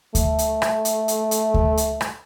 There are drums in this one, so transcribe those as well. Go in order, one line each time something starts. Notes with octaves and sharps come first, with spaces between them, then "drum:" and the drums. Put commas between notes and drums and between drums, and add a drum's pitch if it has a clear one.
A3, drum: kick D2, hi-hat
drum: hi-hat
drum: rim click
drum: hi-hat
drum: hi-hat
drum: hi-hat
drum: kick D2
drum: hi-hat
drum: rim click